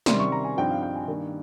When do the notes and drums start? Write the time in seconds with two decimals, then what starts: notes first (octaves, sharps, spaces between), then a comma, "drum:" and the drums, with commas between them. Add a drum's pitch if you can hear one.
0.06 C3 D#3 G3 C#4 C6, drum: snare
0.19 C#6
0.32 A#5
0.44 G#5
0.57 G2 F3 C4 D#4 G5
0.71 F5
0.82 G5
0.95 G#5
1.08 G2 D#3 A#3